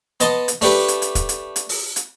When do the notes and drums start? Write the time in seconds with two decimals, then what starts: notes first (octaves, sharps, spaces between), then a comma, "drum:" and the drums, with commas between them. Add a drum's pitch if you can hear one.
0.20 B3 D#5 A5 C6, drum: hi-hat
0.48 drum: hi-hat
0.61 A3 D4 G4 B4, drum: open hi-hat
0.88 drum: hi-hat
1.02 drum: hi-hat
1.15 drum: kick E1, hi-hat
1.29 drum: hi-hat
1.56 drum: hi-hat
1.69 drum: open hi-hat
1.96 drum: hi-hat